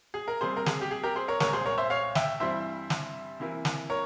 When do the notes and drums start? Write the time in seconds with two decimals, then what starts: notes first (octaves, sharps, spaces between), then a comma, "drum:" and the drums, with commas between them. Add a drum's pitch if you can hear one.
0.14 G#4
0.28 A#4
0.41 C3 G3 A#3 G#4 C5
0.57 A#4
0.66 G#4, drum: snare
0.81 G4
0.91 G#4
1.03 G4 A#4
1.16 G#4 C5
1.28 A#4 C#5
1.40 C2 A#2 G#3 A#4 C#5, drum: snare
1.53 G#4 C5
1.66 A#4 C#5
1.78 C5 E5
1.90 C#5 F5
2.15 E5 G5, drum: snare
2.40 G2 E3 G3 C4 E4 C5 E5
2.90 drum: snare
3.40 C3 E3 A#3 E4
3.65 drum: snare
3.90 A#4 C#5